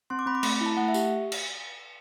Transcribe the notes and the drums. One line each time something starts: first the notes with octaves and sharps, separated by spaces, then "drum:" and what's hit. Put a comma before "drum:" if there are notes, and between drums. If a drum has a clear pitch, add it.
C4 C6
D6
C4 B5
D6
A3 B5, drum: cymbal
B5
E4 A5
A3 F#5
E5
G4, drum: tambourine
drum: cymbal